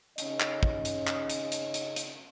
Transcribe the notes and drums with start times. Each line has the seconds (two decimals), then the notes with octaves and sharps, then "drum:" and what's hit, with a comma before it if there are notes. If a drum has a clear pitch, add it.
0.18 C#3 C#4 D#4 D#5, drum: hi-hat
0.40 drum: clap
0.63 drum: kick
0.85 drum: hi-hat
1.07 drum: clap
1.30 drum: hi-hat
1.52 drum: hi-hat
1.74 drum: hi-hat
1.96 drum: hi-hat